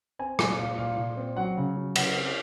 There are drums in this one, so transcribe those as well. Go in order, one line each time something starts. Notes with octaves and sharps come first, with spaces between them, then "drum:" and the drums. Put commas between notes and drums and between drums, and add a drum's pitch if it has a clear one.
C4 G#5
A#2 G#5, drum: rim click
A#2 F5
A#2 F5
A#2
C4
F#3 F#5
C#3
F#3
C#3 F#5, drum: cymbal
C4